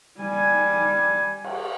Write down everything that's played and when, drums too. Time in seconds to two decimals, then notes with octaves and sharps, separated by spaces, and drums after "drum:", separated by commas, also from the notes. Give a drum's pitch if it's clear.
0.19 G3 G#5
1.44 drum: cymbal